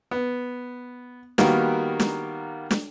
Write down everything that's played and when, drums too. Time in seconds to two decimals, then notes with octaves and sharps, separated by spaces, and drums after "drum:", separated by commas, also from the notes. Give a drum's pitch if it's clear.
0.11 B3
1.38 D#3 G3 A#3 B3 F#4 A#4, drum: snare
2.00 drum: snare
2.71 drum: snare